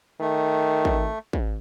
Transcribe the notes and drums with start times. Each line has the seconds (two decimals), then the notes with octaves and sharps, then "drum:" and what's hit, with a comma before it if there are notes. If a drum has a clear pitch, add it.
0.21 D#3 A3
0.85 drum: kick
1.33 drum: kick